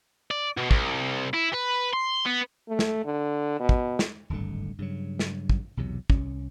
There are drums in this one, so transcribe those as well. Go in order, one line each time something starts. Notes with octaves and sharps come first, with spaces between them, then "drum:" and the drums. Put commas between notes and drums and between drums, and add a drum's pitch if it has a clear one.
D5
B2
C2, drum: kick
E4
B4
C6
B3
A3
drum: snare
D3
B2
drum: kick
drum: snare
D1 G#1 G2 D3
G2 C#3 F#3
drum: snare
drum: kick
B1 E2 C3 F#3
C2 C#4, drum: kick